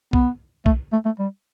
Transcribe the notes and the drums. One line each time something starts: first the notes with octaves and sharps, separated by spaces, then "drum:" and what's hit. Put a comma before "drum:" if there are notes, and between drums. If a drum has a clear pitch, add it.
B3, drum: kick B1
A3, drum: kick B1
A3
A3
G3